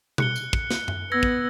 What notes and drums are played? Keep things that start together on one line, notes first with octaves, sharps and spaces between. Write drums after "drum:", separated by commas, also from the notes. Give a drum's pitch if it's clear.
F#6 C#7 G7, drum: tom B2
drum: tambourine
drum: kick
drum: snare
drum: tom F#2
B3 E6 G#6 A#6
drum: kick